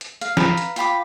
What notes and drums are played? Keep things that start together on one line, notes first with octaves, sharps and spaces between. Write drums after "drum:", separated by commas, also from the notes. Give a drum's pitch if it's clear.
drum: hi-hat
F5, drum: hi-hat
B4 F5 A#5, drum: snare
drum: hi-hat
F4 G5 B5 D6, drum: hi-hat